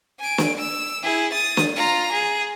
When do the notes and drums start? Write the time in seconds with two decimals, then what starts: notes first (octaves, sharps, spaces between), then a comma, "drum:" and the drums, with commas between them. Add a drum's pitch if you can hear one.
0.20 G#5 D7
0.38 drum: snare
0.58 E6
1.03 E4 G#4
1.32 D#6 A6
1.57 drum: snare
1.76 F4 A#5
2.12 G#4